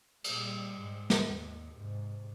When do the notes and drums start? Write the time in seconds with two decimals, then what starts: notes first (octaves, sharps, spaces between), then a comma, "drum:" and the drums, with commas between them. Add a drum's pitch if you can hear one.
0.24 A#2 G3, drum: cymbal
0.78 G#2 G#3
1.10 drum: snare
1.26 D#2
1.76 G#2 C3